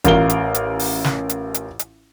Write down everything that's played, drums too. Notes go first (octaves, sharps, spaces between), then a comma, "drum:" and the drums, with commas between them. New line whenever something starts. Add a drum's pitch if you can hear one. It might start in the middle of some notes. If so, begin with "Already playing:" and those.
A1 F4 A#4 G7, drum: kick G1, hi-hat
drum: hi-hat
drum: hi-hat
drum: open hi-hat
drum: snare
drum: hi-hat
drum: hi-hat
drum: hi-hat